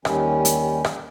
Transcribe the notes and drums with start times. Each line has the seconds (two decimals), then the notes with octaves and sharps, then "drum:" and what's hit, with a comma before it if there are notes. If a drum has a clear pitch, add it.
0.05 D#2 D#3 G3 C#4, drum: rim click
0.45 drum: hi-hat
0.85 drum: rim click